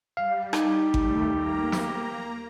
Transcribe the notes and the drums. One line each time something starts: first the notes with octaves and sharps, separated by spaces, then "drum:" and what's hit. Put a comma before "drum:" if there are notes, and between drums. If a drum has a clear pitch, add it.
G3 F5
D#4 G4, drum: rim click
D#2 G3 A3, drum: kick G#1
A#3 A#5
drum: snare